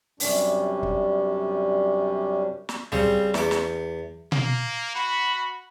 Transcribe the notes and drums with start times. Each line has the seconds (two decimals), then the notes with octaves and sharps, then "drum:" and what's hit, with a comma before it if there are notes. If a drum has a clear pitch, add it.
0.20 F#2 C3 G3 C#4 D4, drum: open hi-hat
0.83 drum: kick
2.69 drum: snare
2.92 C#3 G3 C4, drum: tom C#2
3.34 E2 D6, drum: snare
3.51 drum: snare
4.32 A#3, drum: tom B2
4.95 F#4 B5